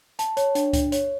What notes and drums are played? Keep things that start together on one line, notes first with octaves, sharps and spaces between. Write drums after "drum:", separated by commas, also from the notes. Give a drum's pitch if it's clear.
A5, drum: hi-hat
C#5, drum: hi-hat
D4, drum: hi-hat
D4, drum: kick C#2, hi-hat
C#5, drum: hi-hat